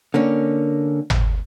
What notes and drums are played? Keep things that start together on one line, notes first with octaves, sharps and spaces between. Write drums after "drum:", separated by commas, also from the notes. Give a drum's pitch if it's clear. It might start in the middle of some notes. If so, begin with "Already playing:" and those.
D3 A#3 C#4
drum: tom G#1